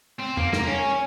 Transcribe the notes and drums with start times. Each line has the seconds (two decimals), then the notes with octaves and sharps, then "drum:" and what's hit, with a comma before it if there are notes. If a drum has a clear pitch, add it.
0.19 C4
0.37 A#3, drum: tom E2
0.53 A#3, drum: snare
0.67 C#4